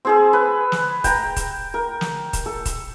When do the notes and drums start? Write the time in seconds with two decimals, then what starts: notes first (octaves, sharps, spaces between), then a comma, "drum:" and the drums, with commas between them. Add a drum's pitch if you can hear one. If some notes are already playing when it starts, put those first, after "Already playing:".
0.05 C4 G#4 A4
0.33 B4
0.72 drum: snare
1.04 G5 A#5, drum: kick, hi-hat
1.36 drum: kick, hi-hat
1.74 A#4
2.01 drum: snare
2.33 drum: kick, hi-hat
2.46 A4
2.65 drum: kick, hi-hat